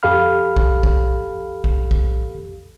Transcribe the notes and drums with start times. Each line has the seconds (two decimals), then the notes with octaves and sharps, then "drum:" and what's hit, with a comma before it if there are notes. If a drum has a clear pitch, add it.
0.03 F2 G4 A4 F5 B5 F6
0.56 drum: kick
0.83 drum: kick
1.64 drum: kick
1.91 drum: kick